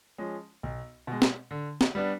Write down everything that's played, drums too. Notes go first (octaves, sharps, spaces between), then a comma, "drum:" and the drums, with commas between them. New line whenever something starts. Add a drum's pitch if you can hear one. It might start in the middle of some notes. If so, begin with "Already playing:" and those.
F3 G#3 C#4
B1
B2 G#3
drum: snare
D3
drum: snare
G3 B3 D4